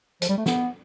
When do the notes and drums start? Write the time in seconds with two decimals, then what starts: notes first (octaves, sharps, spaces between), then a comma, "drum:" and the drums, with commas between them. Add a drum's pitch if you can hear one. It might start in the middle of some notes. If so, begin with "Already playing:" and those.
0.22 F3, drum: hi-hat
0.29 G3
0.38 A3
0.46 B3, drum: snare